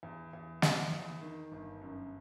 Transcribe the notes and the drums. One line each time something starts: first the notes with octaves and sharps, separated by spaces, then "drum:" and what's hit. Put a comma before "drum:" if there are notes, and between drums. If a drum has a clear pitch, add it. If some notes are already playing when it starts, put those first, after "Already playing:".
E2
E2
E2, drum: snare
E2
D#3
G1
F#2